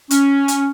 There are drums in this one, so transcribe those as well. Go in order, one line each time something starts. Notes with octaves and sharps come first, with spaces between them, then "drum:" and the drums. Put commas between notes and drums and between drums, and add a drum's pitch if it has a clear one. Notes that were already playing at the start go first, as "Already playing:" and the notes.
C#4, drum: hi-hat
drum: hi-hat